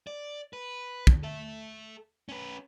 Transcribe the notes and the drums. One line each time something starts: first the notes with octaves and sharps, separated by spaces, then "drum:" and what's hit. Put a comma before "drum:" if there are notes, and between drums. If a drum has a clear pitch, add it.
D5
B4
drum: kick
A4 E5
C#4 B4